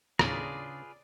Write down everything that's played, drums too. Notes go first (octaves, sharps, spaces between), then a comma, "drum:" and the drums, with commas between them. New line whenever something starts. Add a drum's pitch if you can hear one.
D#2 A2 C#3 D4 F4 G#4 B4 D5, drum: rim click